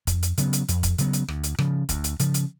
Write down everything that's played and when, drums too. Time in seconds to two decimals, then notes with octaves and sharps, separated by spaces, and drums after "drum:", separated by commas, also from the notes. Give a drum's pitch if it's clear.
0.07 F2, drum: kick, hi-hat
0.23 drum: hi-hat
0.38 C#3 F#3 B3, drum: hi-hat
0.53 drum: hi-hat
0.69 F2, drum: hi-hat
0.83 drum: kick, hi-hat
0.98 C#3 F#3 B3, drum: hi-hat
1.13 drum: hi-hat
1.28 D2, drum: rim click
1.44 drum: hi-hat
1.58 C#3 F3, drum: rim click
1.89 D2, drum: kick, hi-hat
2.04 drum: hi-hat
2.20 C#3 F3, drum: hi-hat
2.34 drum: hi-hat